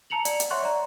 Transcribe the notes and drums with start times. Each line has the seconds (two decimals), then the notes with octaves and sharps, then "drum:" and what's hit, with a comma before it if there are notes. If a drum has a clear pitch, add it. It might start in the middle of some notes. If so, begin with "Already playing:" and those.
0.10 A5 A#5 C#7 F7 F#7
0.25 D5, drum: hi-hat
0.40 drum: hi-hat
0.50 C#5 E5 F#5 C6 C#6 F#6
0.62 D5 A#5